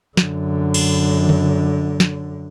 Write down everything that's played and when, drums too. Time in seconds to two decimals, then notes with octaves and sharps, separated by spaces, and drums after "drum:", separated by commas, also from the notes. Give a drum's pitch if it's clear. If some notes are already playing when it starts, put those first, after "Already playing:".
0.17 F#2 D3, drum: snare
0.74 drum: cymbal
1.29 drum: tom C#3
2.00 drum: snare